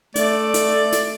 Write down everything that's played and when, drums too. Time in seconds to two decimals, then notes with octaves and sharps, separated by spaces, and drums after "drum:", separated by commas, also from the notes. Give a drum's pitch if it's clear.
0.15 A3 D5, drum: hi-hat
0.54 drum: hi-hat
0.92 drum: hi-hat